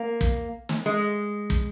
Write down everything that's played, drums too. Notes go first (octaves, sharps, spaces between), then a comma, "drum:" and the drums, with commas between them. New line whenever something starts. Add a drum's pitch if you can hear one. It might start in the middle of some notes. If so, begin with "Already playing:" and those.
Already playing: A#3
drum: kick
drum: snare
G#3
drum: kick